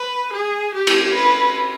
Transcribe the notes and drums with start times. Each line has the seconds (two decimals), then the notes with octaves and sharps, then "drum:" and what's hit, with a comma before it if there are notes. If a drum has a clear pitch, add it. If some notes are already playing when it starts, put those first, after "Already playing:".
Already playing: B4
0.33 G#4
0.74 G4
0.87 drum: cymbal
1.15 B4